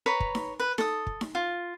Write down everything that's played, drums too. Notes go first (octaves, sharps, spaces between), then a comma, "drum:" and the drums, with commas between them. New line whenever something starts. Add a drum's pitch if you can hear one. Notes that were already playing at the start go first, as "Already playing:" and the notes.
B4 C#5 A#5 B5
drum: kick
drum: snare D#4
B4
A4 D#6, drum: snare D#4
drum: kick
drum: snare D#4
F4